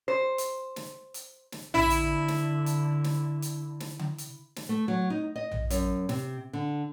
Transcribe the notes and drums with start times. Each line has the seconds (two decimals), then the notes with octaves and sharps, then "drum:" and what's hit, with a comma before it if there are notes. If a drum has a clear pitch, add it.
0.08 C5
0.38 drum: hi-hat
0.76 drum: snare
1.14 drum: hi-hat
1.52 drum: snare
1.74 D3 E4, drum: tom A#1
1.90 drum: hi-hat
2.28 drum: snare
2.66 drum: hi-hat
3.04 drum: snare
3.42 drum: hi-hat
3.80 drum: snare
3.99 drum: tom C#3
4.18 drum: hi-hat
4.56 drum: snare
4.69 A3
4.88 F#3
5.10 D#4
5.36 D#5
5.51 drum: tom A#1
5.70 F#2, drum: hi-hat
6.09 C3, drum: snare
6.53 D3